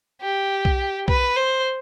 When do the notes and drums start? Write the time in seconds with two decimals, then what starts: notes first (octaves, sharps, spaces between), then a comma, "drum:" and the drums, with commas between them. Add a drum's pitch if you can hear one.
0.21 G4
0.65 drum: kick B1
1.08 B4, drum: kick B1
1.37 C5